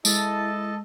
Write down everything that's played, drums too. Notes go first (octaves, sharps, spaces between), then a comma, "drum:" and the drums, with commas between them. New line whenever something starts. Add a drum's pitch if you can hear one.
G#3 E4 A4 D#5 A5, drum: tambourine